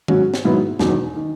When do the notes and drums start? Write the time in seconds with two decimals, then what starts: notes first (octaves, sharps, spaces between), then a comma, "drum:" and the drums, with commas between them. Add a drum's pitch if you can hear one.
0.08 G#2 F#3 C#4 F#4, drum: tom D#3
0.34 drum: snare
0.45 G#2 D#3 F#3 B3 E4
0.79 E1 E2 D#3 F#3, drum: snare
1.16 D#3